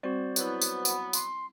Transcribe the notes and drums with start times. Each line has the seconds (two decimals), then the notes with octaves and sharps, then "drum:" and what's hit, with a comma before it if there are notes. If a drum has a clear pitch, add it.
0.03 G3 C4 F#4 C5 D5
0.36 F#3 B3 E4 B4 C#5, drum: tambourine
0.62 drum: tambourine
0.85 F#5 B5, drum: tambourine
1.13 C6, drum: tambourine